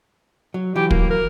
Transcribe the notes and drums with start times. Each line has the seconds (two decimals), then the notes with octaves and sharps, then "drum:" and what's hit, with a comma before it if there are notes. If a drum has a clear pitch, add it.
0.54 F#3
0.76 E3 F#3 G4
0.91 A#3, drum: kick
1.11 A#4